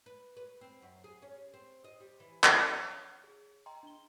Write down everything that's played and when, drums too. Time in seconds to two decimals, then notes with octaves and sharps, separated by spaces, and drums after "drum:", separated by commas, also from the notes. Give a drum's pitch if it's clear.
0.06 B4
0.37 B4
0.61 C4
0.82 F#2
1.04 G#4
1.22 C#4
1.54 C4
1.84 D#5
2.00 G3
2.20 E3
2.44 drum: clap
2.70 C#5
3.24 G#4
3.66 D#5 G5 A#5 C6
3.83 D4 G7